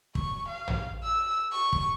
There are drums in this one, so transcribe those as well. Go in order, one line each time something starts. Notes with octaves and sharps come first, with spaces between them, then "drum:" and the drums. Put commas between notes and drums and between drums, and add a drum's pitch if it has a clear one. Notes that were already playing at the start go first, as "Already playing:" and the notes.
C#6, drum: kick
F5
drum: tom
E6
C#6
drum: kick